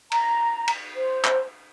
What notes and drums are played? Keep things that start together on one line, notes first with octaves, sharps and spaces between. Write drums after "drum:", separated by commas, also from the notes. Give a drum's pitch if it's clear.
A#5, drum: cymbal
drum: cymbal
C5
drum: clap